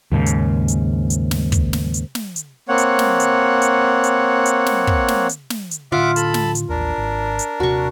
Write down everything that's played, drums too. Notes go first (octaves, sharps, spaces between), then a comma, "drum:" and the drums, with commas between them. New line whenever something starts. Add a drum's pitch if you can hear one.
D#2 G#2 C#3
drum: hi-hat
drum: hi-hat
drum: hi-hat
drum: snare
drum: kick, hi-hat
drum: snare
drum: hi-hat
drum: snare
drum: hi-hat
A#3 C4 C#5 F#5
drum: hi-hat
drum: snare
drum: hi-hat
drum: hi-hat
drum: hi-hat
drum: hi-hat
drum: snare
drum: kick
drum: snare
drum: hi-hat
drum: snare
drum: hi-hat
A2 D3 F4 E5 F#5 D6
A4 A5 B5, drum: hi-hat
drum: snare
drum: hi-hat
A1 D#2 D4 A#4
G#1
drum: hi-hat
D#1 C3 F#4 C#6